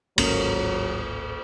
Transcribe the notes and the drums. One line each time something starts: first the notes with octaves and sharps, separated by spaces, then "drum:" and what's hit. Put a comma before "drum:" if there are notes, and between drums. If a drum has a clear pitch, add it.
D1 G#1 F#3 A#3 C#4 A#4, drum: cymbal